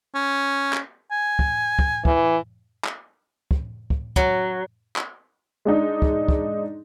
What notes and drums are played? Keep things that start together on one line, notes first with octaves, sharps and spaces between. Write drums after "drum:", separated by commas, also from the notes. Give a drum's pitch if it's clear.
C#4
drum: clap
G#5
drum: kick
drum: kick
E3, drum: kick
drum: clap
drum: kick
drum: kick
F#3, drum: kick
drum: clap
G#3 D4 D#4
drum: kick
drum: kick